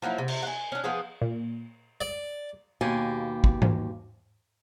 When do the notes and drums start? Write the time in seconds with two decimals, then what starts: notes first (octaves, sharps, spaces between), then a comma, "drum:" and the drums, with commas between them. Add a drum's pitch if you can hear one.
0.02 F3 F#3 A#3 E4
0.18 C3
0.28 drum: cymbal
0.43 F#5 G#5
0.72 C#4 D4
0.84 F3 B3 F4 G#4
1.22 A#2
2.01 D5
2.81 D#2 B2 A#3 G4 G#5
3.44 drum: kick
3.62 drum: tom G#2